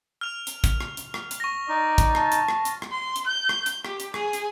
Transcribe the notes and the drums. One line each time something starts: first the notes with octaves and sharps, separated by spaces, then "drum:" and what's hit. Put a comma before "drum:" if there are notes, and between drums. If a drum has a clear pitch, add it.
F6 F7
drum: hi-hat
drum: kick, hi-hat
drum: rim click
drum: hi-hat
drum: rim click
drum: hi-hat
C#6 A#6
D#4 D5
drum: kick, hi-hat
A5, drum: rim click
drum: hi-hat
drum: rim click
drum: hi-hat
drum: rim click
C6
drum: hi-hat
G6
drum: rim click
drum: hi-hat
G4, drum: rim click
drum: hi-hat
G#4, drum: rim click
drum: hi-hat